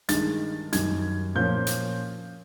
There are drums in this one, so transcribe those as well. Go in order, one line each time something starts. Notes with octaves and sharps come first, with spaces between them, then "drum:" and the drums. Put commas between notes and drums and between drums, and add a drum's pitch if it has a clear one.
G2 D#3 G#3 A6, drum: hi-hat
F#2 D#3 G3 G#6, drum: hi-hat
A#2 F3 A#3 C#4 G6
drum: hi-hat